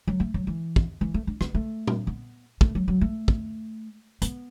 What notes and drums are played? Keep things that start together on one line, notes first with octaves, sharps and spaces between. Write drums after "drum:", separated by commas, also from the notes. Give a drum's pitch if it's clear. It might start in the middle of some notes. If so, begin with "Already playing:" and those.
F#3
A3
F#3
E3
drum: kick
E3
A3
D4
B3, drum: rim click
A3
drum: tom
B3
A3, drum: kick
F#3
F#3
A3
drum: kick
B3, drum: hi-hat